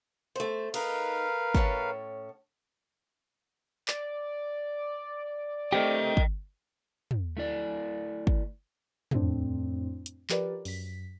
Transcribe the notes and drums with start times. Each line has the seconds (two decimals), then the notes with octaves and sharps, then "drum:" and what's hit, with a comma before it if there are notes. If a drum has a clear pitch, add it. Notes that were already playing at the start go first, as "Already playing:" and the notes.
0.36 A3 C5
0.74 D#4 A#4 B4 F5, drum: cymbal
1.55 A2 C#4 A5, drum: kick
3.88 D5, drum: clap
5.73 A3 C4 G4 D#5 G5
6.17 drum: kick
7.11 drum: tom
7.37 A3 E4 D5
8.27 drum: kick
9.11 F2 A2 C4 D4, drum: tom
10.06 drum: hi-hat
10.29 F3 G4 A#4 B4 D5, drum: clap
10.65 F#2 B6, drum: open hi-hat